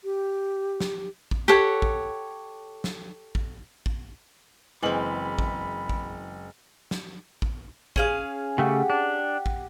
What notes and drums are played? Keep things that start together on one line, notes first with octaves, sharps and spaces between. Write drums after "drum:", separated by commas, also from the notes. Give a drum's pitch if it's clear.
G4
drum: snare
drum: kick A1
G4 A4 C#5 F#5
drum: kick A1
drum: snare
drum: kick A1
drum: kick A1
F#1 E3 G#3 C4 B5 F#7
drum: kick A1
drum: kick A1
drum: snare
drum: kick A1
C#4 G#4 F5, drum: kick A1
C#3 A3 G4 F#5
D4
drum: kick A1